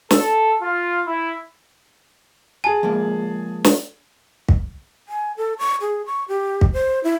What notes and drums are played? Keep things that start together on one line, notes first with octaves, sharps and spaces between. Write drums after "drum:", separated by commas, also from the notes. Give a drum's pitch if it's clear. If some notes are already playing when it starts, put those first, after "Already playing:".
A4, drum: snare
F4
E4
G#4 G#5 A5
F3 G#3 A#3
drum: snare
drum: kick
G#5
A4
C#6
G#4
C#6
G4
drum: kick
C5
E4